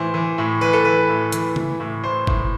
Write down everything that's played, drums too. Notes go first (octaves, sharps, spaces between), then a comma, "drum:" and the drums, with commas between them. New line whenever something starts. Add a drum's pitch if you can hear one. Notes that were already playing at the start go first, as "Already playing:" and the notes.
Already playing: A2 E3 C5
E3
A2
E3 B4
A4
E3 B4
A2
E3, drum: hi-hat
E3, drum: tom C#3
A2
A2 C5
A2, drum: kick G1